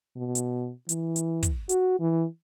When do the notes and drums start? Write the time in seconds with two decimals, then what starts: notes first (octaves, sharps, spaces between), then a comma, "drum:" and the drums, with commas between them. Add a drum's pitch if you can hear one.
0.16 B2
0.35 drum: hi-hat
0.89 E3, drum: hi-hat
1.16 drum: hi-hat
1.43 drum: kick, hi-hat
1.69 F#4, drum: hi-hat
2.00 E3